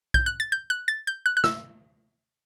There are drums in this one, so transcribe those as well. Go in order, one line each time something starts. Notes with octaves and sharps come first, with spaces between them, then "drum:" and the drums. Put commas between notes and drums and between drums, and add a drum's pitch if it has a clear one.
G6, drum: kick B1
F#6
A6
G6
F#6
A6
G6
F#6
F#6
E6, drum: snare